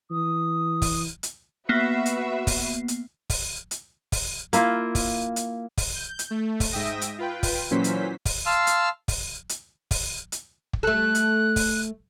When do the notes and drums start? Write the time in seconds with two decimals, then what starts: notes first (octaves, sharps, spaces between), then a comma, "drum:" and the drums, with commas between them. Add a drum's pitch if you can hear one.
0.11 E3 D#6
0.82 drum: kick, open hi-hat
1.23 drum: hi-hat
1.69 A#3 B3 F#4 B4 E5 C7
2.06 drum: hi-hat
2.47 drum: kick, open hi-hat
2.88 drum: hi-hat
3.30 drum: kick, open hi-hat
3.71 drum: hi-hat
4.12 drum: kick, open hi-hat
4.53 A#3 E4 F4, drum: hi-hat
4.95 drum: kick, open hi-hat
5.36 drum: hi-hat
5.77 drum: kick, open hi-hat
5.95 G6
6.19 drum: hi-hat
6.30 A3
6.60 drum: kick, open hi-hat
6.72 G#2 E5 G5 D#6 A#6
7.01 drum: hi-hat
7.18 F4 B4 G5
7.43 drum: kick, open hi-hat
7.71 A#2 E3 F#3 C#4 C5 B6
7.84 drum: hi-hat
8.25 drum: kick, open hi-hat
8.46 F5 A5 C6 E6 F6
8.67 drum: hi-hat
9.08 drum: kick, open hi-hat
9.49 drum: hi-hat
9.91 drum: kick, open hi-hat
10.32 drum: hi-hat
10.73 drum: kick
10.83 A3 A4 F#6
11.15 drum: hi-hat
11.56 drum: kick, open hi-hat